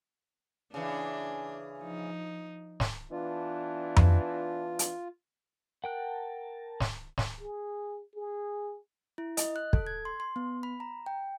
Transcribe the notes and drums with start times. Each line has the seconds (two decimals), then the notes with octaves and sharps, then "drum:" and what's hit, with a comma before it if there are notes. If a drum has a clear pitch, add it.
0.74 C#3 E3 D4
1.79 F3 D#4
2.80 drum: snare
3.11 E3 B3 D4 F4
3.96 drum: tom F2
4.79 drum: hi-hat
5.84 A#4 F#5 G5 A5 F#6
6.80 drum: snare
7.18 drum: snare
7.40 G#4
8.15 G#4
9.18 E4
9.37 D#5, drum: hi-hat
9.56 F#6
9.73 A4, drum: kick
9.87 G#6
10.05 C6
10.20 C6
10.36 B3
10.63 B5
10.80 A#5
11.06 G5